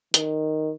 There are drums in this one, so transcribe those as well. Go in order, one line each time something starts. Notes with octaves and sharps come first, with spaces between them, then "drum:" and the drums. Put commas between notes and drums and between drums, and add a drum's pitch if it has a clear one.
D#3, drum: hi-hat